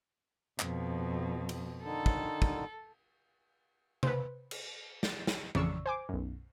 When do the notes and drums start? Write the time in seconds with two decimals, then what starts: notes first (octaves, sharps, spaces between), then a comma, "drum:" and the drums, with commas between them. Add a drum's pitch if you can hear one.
0.59 F2 B2, drum: clap
1.49 drum: cymbal
1.83 D3 D#3 A4
2.06 drum: kick
2.42 drum: kick
4.03 B4 C5, drum: tom C3
4.51 drum: cymbal
5.03 A6, drum: snare
5.27 drum: snare
5.55 A1 F2 C#3 D5 C#6 E6, drum: tom E3
5.86 C5 G#5 D6
6.09 B1 F#2